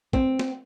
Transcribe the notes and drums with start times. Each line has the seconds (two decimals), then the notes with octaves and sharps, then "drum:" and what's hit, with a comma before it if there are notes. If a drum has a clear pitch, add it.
0.13 C4, drum: kick
0.39 drum: snare